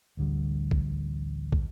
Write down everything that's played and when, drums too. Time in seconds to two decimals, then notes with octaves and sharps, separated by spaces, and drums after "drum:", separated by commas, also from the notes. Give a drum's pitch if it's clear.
0.17 A1 D2 D3 G3
0.71 drum: kick
1.52 drum: kick